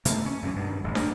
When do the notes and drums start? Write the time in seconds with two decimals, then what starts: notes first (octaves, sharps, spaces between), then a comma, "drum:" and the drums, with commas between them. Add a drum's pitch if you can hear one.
0.05 B2 A3 A#3, drum: hi-hat
0.25 C#4
0.42 F#2 A2 D#3 E3
0.56 G2 B2 D#3
0.84 D1 A1 D#2
0.95 F#2 A#3, drum: snare